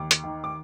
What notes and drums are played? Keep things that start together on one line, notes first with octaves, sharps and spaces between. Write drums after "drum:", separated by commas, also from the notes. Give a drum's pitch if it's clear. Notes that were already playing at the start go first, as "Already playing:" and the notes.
Already playing: D#2 D6
drum: hi-hat
D#3
D6